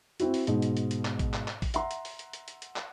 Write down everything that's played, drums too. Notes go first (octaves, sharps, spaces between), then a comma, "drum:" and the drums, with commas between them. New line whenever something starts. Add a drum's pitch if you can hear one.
C4 E4 F#4, drum: hi-hat
drum: open hi-hat
G#2 B2, drum: hi-hat
drum: hi-hat
drum: hi-hat
drum: hi-hat
drum: clap
drum: kick, hi-hat
drum: clap
drum: clap
drum: kick, open hi-hat
E5 F#5 A#5 C6, drum: hi-hat
drum: hi-hat
drum: open hi-hat
drum: hi-hat
drum: hi-hat
drum: hi-hat
drum: hi-hat
drum: clap